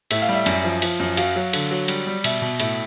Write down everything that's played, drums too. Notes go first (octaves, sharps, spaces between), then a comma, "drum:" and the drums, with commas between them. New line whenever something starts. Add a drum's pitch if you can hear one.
A2 E5, drum: cymbal
F5
G3 E5
F#2, drum: cymbal
F3
F3, drum: cymbal
F#2
F#3 F5, drum: cymbal
F#3
D3, drum: cymbal
F#3
G3, drum: cymbal
G3
B2 E5, drum: cymbal
B2
A2 E5, drum: cymbal